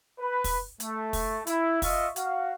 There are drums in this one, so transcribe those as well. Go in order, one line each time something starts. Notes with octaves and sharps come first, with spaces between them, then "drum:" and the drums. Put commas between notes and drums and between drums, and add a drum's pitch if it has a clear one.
B4
drum: kick, open hi-hat
A3, drum: hi-hat
drum: kick, open hi-hat
E4, drum: hi-hat
F4 D#5 E5 C#6, drum: kick, open hi-hat
F#4 F5, drum: hi-hat